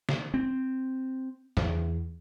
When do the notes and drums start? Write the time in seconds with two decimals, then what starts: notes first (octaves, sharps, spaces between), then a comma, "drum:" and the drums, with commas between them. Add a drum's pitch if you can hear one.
0.09 drum: snare
0.34 C4
1.57 E2, drum: snare